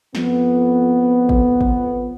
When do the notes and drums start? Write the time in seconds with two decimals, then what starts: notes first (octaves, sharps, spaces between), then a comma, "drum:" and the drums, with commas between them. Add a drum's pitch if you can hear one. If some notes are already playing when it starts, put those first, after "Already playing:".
0.15 F2 B3, drum: snare
1.29 drum: kick G#1
1.61 drum: kick G#1